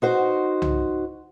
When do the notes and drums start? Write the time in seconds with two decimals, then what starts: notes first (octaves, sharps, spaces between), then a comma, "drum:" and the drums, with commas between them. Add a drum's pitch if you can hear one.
0.02 D#4 F#4 C5
0.62 drum: tom C2